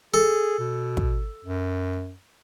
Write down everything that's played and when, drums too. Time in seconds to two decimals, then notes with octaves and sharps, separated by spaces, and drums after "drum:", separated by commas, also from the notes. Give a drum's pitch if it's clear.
0.14 G#4 A4
0.59 B2
0.97 drum: kick
1.45 F#2